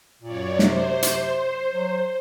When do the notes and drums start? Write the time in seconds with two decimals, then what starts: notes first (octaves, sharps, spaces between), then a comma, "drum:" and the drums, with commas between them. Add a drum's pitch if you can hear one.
0.22 F#2 A#2 C#5 D5
0.59 C3 C5, drum: snare
1.03 drum: hi-hat
1.74 F#3